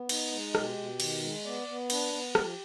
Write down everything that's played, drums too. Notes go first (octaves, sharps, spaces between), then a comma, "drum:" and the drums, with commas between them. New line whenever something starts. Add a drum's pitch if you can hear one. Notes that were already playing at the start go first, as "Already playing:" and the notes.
Already playing: B3
D#4, drum: cymbal
G#3
B2 G4, drum: rim click
B2
D#3, drum: cymbal
G#3
B3 D5
B3
D4 B4, drum: cymbal
B3
F3 G4, drum: rim click